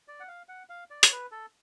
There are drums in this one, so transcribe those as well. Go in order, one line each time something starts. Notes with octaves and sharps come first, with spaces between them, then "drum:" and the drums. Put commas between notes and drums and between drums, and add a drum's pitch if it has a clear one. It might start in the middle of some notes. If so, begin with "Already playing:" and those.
D5
F#5
F5
F#5
F5
D5
C#5, drum: hi-hat
B4
A4